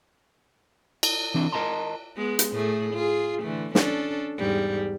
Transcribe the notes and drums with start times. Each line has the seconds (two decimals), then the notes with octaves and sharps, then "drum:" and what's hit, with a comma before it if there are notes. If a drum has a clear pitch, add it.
1.03 drum: cymbal
1.34 E3 C4 D4 E4
1.52 A#4 D#5 A5 A#5 C6
2.17 G#3 B3
2.39 drum: hi-hat
2.52 A2 A3 G#4
2.94 F4 G#4
3.43 D3 E3 A3
3.75 C#4 D4 A4, drum: snare
4.38 E2 G#2 G3